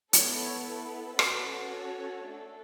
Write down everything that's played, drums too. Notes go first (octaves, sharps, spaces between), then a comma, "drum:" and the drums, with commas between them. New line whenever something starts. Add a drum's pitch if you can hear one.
B3 E4 A4 C#5, drum: hi-hat
C#4 F#4 A4 B4, drum: rim click
C#5
A3 D4 A4